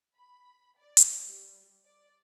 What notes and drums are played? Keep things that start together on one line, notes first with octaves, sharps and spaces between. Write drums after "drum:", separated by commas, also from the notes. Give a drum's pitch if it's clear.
B5
D5
drum: hi-hat
G3
D5